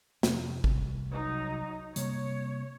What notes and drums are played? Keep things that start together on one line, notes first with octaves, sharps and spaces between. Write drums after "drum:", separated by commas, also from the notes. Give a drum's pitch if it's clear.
F2 C3, drum: snare
C2, drum: kick
F#3 D#4
C3 G3 A#3 C#5, drum: hi-hat